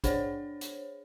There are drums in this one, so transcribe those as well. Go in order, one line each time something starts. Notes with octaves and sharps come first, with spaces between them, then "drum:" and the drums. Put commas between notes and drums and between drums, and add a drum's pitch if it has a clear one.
D4 G#4 C5 C#5, drum: kick A1, hi-hat
drum: hi-hat